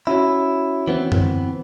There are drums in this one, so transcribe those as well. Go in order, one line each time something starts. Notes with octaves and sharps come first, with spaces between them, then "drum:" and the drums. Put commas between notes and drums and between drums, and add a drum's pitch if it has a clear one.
C#4 E4 F#4 C#5
E3 B3 C4
drum: tom